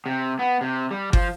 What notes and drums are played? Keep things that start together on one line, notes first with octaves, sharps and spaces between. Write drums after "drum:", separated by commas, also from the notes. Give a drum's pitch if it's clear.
C3
B3
C3
G3
F3, drum: kick G1